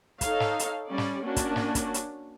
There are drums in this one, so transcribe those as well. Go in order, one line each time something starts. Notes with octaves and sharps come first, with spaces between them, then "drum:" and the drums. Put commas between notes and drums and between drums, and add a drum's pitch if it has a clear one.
D#4 A4 C#5 F5, drum: kick, hi-hat
drum: snare
drum: hi-hat
G3 C#4 D5
drum: snare
A#3 C#4 D4 F#4
drum: kick, hi-hat
drum: snare
drum: kick, hi-hat
drum: hi-hat